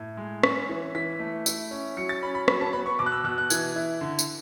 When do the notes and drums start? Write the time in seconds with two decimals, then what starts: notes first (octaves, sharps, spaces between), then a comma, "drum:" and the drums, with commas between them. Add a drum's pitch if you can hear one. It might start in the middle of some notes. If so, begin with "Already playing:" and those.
Already playing: A2
0.17 G#3
0.43 C#4, drum: rim click
0.69 E3
0.95 E3 B6
1.19 A3
1.46 E4, drum: tambourine
1.71 C#4
1.97 F#3 C#7
2.09 A6
2.22 C#4 B5
2.35 B5
2.48 F#3 B5, drum: rim click
2.61 A5
2.73 B3 B5
2.86 C#6
2.99 B2 D6
3.06 F#6
3.12 E6
3.24 B2 F#6
3.38 F#6
3.50 E3 G#6, drum: tambourine
3.76 E4
4.01 D3
4.19 drum: tambourine